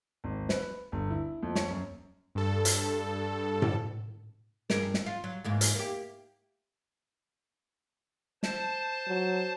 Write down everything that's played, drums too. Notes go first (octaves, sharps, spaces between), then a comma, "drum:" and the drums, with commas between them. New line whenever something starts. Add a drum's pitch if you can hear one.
G#1
B4, drum: snare
G1
E4
F2
C#5, drum: snare
F#2
G2 A4
drum: hi-hat
drum: tom A2
G2 G#4 A#4, drum: snare
drum: snare
F4
F#3
E2 G#2 A#3
drum: hi-hat
A#3 G4
C5 A5, drum: snare
F#3